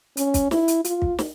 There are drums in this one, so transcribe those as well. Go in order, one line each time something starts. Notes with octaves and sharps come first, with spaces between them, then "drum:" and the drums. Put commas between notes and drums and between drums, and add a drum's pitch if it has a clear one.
C#4, drum: hi-hat
drum: kick, hi-hat
E4, drum: snare
drum: hi-hat
F4, drum: hi-hat
drum: kick
drum: snare